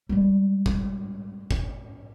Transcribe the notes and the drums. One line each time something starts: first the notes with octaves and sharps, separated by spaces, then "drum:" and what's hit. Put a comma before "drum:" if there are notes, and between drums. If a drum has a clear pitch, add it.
G3 G#3
drum: kick
drum: kick